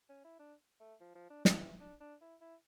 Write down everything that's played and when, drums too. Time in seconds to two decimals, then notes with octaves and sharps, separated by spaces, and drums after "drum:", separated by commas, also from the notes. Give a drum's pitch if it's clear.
0.09 C#4
0.24 E4
0.39 D4
0.80 A3
1.00 F3
1.15 F3
1.30 D4
1.45 D4, drum: snare
1.60 E3
1.80 D4
2.01 D4
2.21 E4
2.41 E4